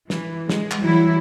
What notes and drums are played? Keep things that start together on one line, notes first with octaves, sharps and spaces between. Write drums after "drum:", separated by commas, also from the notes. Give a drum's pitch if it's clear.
E3, drum: snare
G#3, drum: snare
drum: clap
E3 F#3 G3 E4